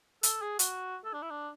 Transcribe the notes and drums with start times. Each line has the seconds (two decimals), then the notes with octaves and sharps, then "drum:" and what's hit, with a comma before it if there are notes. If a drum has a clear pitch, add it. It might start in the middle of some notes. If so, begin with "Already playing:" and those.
0.23 A4, drum: hi-hat
0.42 G#4
0.59 F#4, drum: hi-hat
1.05 A4
1.13 D4
1.22 E4
1.31 D4